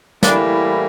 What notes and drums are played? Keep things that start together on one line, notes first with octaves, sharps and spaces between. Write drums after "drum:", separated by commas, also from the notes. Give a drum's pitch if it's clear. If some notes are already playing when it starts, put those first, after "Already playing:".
A2 E3 G3 A#3 D4, drum: snare